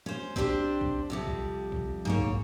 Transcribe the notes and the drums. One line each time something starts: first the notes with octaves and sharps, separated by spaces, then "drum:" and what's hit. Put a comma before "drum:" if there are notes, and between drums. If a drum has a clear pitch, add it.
C#4 C5
C4 D4 G4 A#4 C5, drum: kick A#1
drum: kick A#1
F2 C3 G3
drum: kick A#1
drum: kick A#1
G#2 A#3 C#5
drum: kick A#1